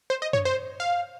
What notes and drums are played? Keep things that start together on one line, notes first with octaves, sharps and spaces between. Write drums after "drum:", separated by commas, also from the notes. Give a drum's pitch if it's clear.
C5
D#5
C#5, drum: tom F#2
C5
F5